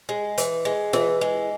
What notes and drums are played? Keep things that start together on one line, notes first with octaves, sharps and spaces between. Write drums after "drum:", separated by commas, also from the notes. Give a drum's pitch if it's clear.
G#3
E3, drum: hi-hat
G#3
E3, drum: snare F4
G#3